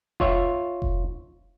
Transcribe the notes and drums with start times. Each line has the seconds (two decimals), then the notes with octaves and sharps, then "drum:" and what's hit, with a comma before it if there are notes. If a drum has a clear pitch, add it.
0.20 F4 C#5 E5, drum: kick F1
0.82 drum: kick F1